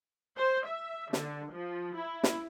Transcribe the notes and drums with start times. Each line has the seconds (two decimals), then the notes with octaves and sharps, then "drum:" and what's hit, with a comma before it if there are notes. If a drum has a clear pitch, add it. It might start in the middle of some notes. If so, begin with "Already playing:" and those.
0.37 C5
0.66 E5
1.13 D3, drum: snare
1.52 F3
1.96 E4
2.23 drum: snare